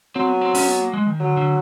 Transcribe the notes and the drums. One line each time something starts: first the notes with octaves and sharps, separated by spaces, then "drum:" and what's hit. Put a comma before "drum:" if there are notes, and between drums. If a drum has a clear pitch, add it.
F#3 C4
B3
C4
C#4, drum: open hi-hat
B3
A#3
G#3
D#3
D3 F#3
D3